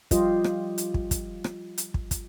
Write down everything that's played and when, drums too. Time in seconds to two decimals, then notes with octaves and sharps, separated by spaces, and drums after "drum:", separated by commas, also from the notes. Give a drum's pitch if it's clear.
0.11 F3 G3 F4 G4 C5 D#5, drum: kick, hi-hat
0.44 drum: rim click
0.78 drum: hi-hat
0.94 drum: kick
1.11 drum: kick, hi-hat
1.44 drum: rim click
1.78 drum: hi-hat
1.94 drum: kick
2.11 drum: kick, hi-hat